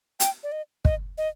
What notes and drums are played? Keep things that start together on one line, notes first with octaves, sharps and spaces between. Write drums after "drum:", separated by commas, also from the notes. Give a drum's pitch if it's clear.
G5, drum: hi-hat
D5
D#5
D#5, drum: kick
D#5